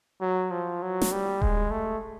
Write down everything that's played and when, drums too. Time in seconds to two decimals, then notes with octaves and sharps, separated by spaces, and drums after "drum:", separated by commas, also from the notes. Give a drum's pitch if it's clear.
0.21 F#3
0.51 F3
0.82 F#3
1.02 drum: snare
1.12 G3
1.42 G#3, drum: kick D#1
1.71 A3